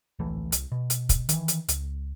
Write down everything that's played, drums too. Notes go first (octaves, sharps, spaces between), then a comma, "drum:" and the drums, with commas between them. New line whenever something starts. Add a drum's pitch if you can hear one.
D1 A#1 E3 A3
C2, drum: hi-hat
B2
drum: hi-hat
drum: kick, hi-hat
D#3 E3, drum: hi-hat
drum: hi-hat
C#2, drum: hi-hat